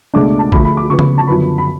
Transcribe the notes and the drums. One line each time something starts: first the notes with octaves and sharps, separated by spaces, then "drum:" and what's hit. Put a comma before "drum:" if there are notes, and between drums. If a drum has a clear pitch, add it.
C#2 B2 A3 D4 D6
A5
D2 D3 F3 A3 B5, drum: kick
B5
D6
C#3 F3 B3 C#6
B5, drum: tom C#3
A5
F#2 D3 F3 B3 B5
B5